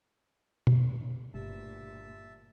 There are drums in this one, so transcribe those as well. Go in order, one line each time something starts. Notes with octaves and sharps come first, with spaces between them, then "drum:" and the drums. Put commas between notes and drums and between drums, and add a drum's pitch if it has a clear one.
drum: tom B2
G1 D2 G2 A#2 E5 A5